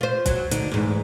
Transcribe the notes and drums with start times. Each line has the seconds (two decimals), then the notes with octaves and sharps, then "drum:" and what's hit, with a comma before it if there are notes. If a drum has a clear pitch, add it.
0.01 F4 C5
0.26 F#3, drum: kick B1, hi-hat
0.51 D3 D#4, drum: hi-hat
0.72 E2 G#2